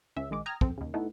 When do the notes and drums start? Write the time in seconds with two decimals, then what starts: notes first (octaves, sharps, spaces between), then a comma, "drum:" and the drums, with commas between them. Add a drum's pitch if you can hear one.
0.16 C#2 C#4 E5
0.30 A#1 D#3 G#3 D6
0.46 G5 A#5 D#6 F6 G#6
0.61 F2 C4 A4, drum: kick
0.78 D#2 C#3
0.94 A3 B3 D#4 E4